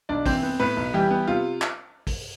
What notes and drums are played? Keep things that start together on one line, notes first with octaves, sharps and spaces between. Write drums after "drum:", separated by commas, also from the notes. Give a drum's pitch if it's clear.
B1 D4 D5
E3 C4 C5, drum: kick, open hi-hat
B3
A2 B3 B4
B1
E3 G3 G4
B3
C3 F4
drum: clap
drum: kick, open hi-hat